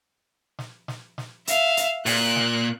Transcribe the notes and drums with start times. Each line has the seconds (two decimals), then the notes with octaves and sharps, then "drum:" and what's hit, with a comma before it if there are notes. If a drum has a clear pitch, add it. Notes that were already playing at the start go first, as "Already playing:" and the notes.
0.59 drum: snare
0.88 drum: snare
1.18 drum: snare
1.47 E5 F5, drum: hi-hat
1.77 drum: hi-hat
2.06 A#2 F#6, drum: open hi-hat
2.36 drum: snare